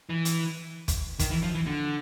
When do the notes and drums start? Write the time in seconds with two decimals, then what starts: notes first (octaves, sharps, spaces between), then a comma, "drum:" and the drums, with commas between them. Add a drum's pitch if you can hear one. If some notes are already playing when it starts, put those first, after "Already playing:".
0.09 E3
0.25 drum: hi-hat
0.88 drum: kick, hi-hat
1.19 D#3, drum: kick, hi-hat
1.31 E3
1.43 F3
1.55 E3
1.66 D3